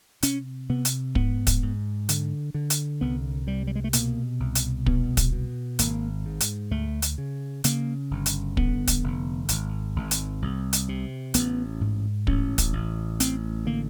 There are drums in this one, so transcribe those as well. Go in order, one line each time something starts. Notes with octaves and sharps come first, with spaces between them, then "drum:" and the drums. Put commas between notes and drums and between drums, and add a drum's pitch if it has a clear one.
C3 C#4, drum: hi-hat
C3 B3
drum: hi-hat
G#2 B3, drum: kick
drum: kick, hi-hat
G#2
D3, drum: hi-hat
D3
drum: hi-hat
C2 B3
C3 G3
G3
G#3
A3
B2 A#3, drum: hi-hat
C2
drum: hi-hat
B2 B3, drum: kick
drum: kick, hi-hat
B2
G#1 A#3, drum: hi-hat
G#2
drum: hi-hat
D2 A3
drum: hi-hat
C#3
C#3 A#3, drum: hi-hat
G1
drum: hi-hat
D3 B3, drum: kick
drum: kick, hi-hat
F1
G#1, drum: hi-hat
G#1
drum: hi-hat
C2
drum: hi-hat
C3
A1 B3, drum: hi-hat
G#2
A1 C#4, drum: kick
drum: kick, hi-hat
A1
A1 C4, drum: hi-hat
D3 A#3